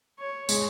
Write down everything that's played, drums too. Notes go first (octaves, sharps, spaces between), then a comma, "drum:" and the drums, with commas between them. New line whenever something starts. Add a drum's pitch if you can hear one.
C#5
G#3, drum: tambourine